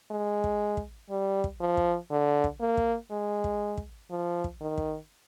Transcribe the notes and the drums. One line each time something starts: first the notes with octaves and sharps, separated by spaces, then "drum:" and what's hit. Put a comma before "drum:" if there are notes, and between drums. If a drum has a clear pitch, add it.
G#3
drum: kick
drum: kick
G3
drum: kick
F3
drum: kick
D3
drum: kick
A#3
drum: kick
G#3
drum: kick
drum: kick
F3
drum: kick
D#3
drum: kick